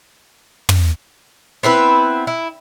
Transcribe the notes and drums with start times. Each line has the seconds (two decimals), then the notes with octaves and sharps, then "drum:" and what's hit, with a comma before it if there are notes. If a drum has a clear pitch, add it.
0.69 drum: tom
1.63 B3 C4 E4 B4
2.27 E4